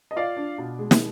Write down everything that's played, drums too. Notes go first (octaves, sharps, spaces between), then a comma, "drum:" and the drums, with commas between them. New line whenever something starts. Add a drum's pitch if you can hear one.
D#5
F4 D5 F5
D4
B2
G#3
drum: snare